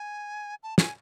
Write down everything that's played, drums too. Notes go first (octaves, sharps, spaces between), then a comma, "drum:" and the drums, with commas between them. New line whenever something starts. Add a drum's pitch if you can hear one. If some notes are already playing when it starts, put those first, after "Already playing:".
Already playing: G#5
A5
G#5, drum: snare